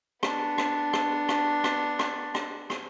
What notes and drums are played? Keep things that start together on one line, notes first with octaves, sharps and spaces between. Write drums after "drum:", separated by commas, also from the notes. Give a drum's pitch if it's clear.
B3 D4, drum: rim click
drum: rim click
drum: rim click
drum: rim click
drum: rim click
drum: rim click
drum: rim click
drum: rim click